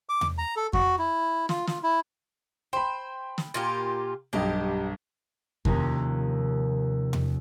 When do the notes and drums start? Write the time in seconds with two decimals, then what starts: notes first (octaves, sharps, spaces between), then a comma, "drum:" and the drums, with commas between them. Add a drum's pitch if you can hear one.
0.09 D6
0.21 drum: tom E2
0.38 A#5
0.56 A4
0.73 F#4, drum: kick F2
0.98 E4
1.49 F4, drum: snare
1.67 F4, drum: snare
1.83 E4
2.73 C5 G5 B5
3.38 drum: snare
3.54 A#2 F4 G4
4.33 B1 G2 G4 D#5
5.65 D#2 C3 F3 A#3 C#4, drum: kick F2
7.13 drum: tom E2